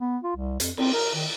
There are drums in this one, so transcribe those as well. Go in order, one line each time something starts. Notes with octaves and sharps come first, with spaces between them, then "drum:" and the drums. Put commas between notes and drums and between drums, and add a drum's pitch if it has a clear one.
B3
F4
C2
F2, drum: hi-hat
C4, drum: cymbal
A#4
D#3